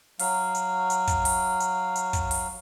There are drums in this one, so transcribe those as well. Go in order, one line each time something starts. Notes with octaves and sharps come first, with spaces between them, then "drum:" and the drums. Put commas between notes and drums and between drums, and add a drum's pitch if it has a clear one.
F#3 F5, drum: open hi-hat
drum: hi-hat
drum: hi-hat
drum: kick, hi-hat
drum: open hi-hat
drum: hi-hat
drum: hi-hat
drum: kick, hi-hat
drum: open hi-hat